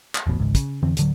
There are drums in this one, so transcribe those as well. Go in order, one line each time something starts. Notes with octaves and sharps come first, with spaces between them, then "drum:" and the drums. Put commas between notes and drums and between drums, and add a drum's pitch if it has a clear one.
drum: clap
E1 A1 B2
G#1 C#2 G#2
C#3, drum: kick, hi-hat
F2 D3 E3 C4
D1 D3 F#3, drum: hi-hat